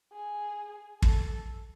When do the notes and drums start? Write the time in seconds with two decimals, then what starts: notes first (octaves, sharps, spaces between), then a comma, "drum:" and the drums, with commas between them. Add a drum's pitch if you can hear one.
0.13 G#4
1.02 A4, drum: kick